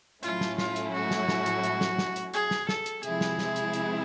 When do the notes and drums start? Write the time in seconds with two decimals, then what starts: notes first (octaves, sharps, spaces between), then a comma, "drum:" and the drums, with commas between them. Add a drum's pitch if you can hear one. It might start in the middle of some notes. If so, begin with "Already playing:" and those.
0.23 A2 F#3 A3 C#4 E4 F4, drum: hi-hat
0.41 drum: snare
0.58 F4, drum: snare
0.76 drum: hi-hat
0.94 F#4
1.11 drum: snare
1.28 drum: snare
1.46 drum: hi-hat
1.63 drum: hi-hat
1.81 drum: snare
1.98 drum: snare
2.16 drum: hi-hat
2.34 G#4, drum: hi-hat
2.51 drum: snare
2.69 A4, drum: snare
2.86 drum: hi-hat
3.03 C3 F3 G#3 C4 E4 G#4, drum: hi-hat
3.21 drum: snare
3.38 drum: snare
3.56 drum: hi-hat
3.73 drum: hi-hat